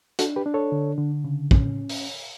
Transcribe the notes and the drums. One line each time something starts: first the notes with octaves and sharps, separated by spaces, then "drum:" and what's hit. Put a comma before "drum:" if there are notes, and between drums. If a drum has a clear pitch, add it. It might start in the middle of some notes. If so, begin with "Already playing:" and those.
D4 F#4 A4, drum: hi-hat
G4 B4
D4
A4 C#5
D3
D3
C#3
C#4, drum: kick
drum: open hi-hat